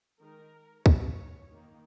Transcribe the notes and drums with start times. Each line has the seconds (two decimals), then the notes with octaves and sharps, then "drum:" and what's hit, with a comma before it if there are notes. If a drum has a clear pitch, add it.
0.20 D#3 G#3 D#4 A#4
0.86 F#3 B3 D#4 C#5, drum: kick
1.52 D#3 A#3 D#4